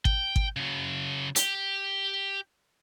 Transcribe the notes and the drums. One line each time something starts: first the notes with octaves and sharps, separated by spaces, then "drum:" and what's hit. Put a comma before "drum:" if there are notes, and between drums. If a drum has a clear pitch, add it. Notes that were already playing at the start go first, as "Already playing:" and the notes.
G5, drum: kick G#1
drum: kick G#1
C#3 F#3
G4, drum: hi-hat